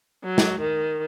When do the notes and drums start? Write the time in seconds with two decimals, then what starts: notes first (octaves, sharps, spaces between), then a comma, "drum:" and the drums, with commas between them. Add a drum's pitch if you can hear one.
0.24 F#3
0.38 drum: snare
0.60 D#3